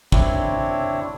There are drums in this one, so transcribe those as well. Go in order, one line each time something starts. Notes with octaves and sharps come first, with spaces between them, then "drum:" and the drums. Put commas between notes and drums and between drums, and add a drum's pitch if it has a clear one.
C4 D4 E4 C#5, drum: kick